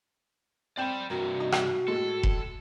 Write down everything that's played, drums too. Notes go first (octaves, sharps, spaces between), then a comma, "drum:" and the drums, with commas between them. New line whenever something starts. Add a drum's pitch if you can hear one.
C4 D5 G5 B5 E7
G2 C3 F#4 A#4
D#4
drum: rim click
A2 G#3 A4
drum: kick F1